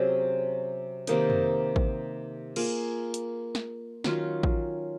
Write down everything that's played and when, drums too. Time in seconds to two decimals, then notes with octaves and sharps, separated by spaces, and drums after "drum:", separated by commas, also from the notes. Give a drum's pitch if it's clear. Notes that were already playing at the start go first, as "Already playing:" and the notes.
Already playing: C3 F#3 C#4 G#4
1.07 C3 D#3 A#3 D#4, drum: hi-hat
1.30 drum: tom
1.76 drum: kick A1
2.56 A#3 F4 G#4, drum: cymbal
3.14 drum: hi-hat
3.55 drum: snare
4.04 D#3 F#3 C#4 F4, drum: snare
4.43 drum: kick A1